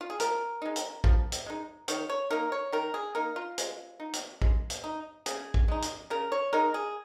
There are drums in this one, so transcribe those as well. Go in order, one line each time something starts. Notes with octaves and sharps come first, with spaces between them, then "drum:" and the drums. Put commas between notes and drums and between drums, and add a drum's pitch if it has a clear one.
F4
G#4
F3 A#4, drum: hi-hat
G#3 D#4
drum: hi-hat
F3, drum: kick A#1
drum: hi-hat
G#3 D#4
D#3 C#5, drum: hi-hat
C#5
A#3 D#4 A#4
C#5
D#3 A#4
G#4
A#3 D#4 A#4
F4
G#3, drum: hi-hat
D#4
drum: hi-hat
G#3, drum: kick A#1
drum: hi-hat
D#4
C#3 G#4, drum: hi-hat
drum: kick A#1
G#3 D#4
drum: hi-hat
C#3 A#4
C#5
G#3 D#4 A#4
G#4